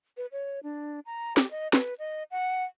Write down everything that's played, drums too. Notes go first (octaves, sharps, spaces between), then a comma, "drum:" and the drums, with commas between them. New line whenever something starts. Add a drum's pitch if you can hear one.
B4
C#5
D4
A#5
G4, drum: snare
D#5
B4, drum: snare
D#5
F#5